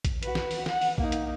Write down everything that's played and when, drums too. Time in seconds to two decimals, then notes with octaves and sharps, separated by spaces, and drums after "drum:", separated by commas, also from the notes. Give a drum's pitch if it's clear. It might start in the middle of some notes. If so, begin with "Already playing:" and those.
0.05 drum: kick A#1, hi-hat
0.23 F#4 B4, drum: hi-hat
0.35 drum: snare
0.51 drum: open hi-hat
0.66 F#5, drum: snare
0.81 drum: open hi-hat
0.98 A#3 D#4, drum: kick A#1
1.12 drum: hi-hat